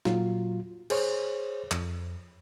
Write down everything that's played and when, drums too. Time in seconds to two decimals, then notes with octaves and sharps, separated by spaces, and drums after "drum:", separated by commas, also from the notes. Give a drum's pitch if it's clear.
0.05 A#2 F#3 F4, drum: snare
0.90 G#4 C5 C#5, drum: cymbal
1.71 F2, drum: clap